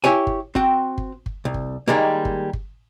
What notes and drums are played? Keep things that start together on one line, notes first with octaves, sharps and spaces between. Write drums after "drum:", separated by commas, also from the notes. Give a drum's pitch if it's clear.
E4 G4 C#5 G#5
drum: kick G1
C4 F#4 G5, drum: kick G1
drum: kick G1
drum: kick G1
C2
drum: kick G1
D#3 G3 G#3 A#3
drum: kick G1
drum: kick G1